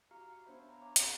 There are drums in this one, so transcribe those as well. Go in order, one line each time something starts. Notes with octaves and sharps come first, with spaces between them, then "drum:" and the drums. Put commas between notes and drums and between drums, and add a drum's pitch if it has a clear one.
F#4 G4 F5 A#5 F6 C#7
F5 C#7
B3 D4 C5 C#5 E5 B5
A#5
C#5 F5 G5 A#5 C#6 D6
C4 G#4 D#5 F#5 F#6 G#6, drum: hi-hat